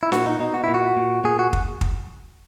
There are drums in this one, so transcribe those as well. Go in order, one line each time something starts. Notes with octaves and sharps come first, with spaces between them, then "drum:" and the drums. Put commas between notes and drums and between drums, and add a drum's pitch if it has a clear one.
E4
A#2 F#4, drum: snare
D#4
B2 D#4
F#4
A#2 E4
F#4
A#2
A#2 G#4
F#4
drum: kick
drum: kick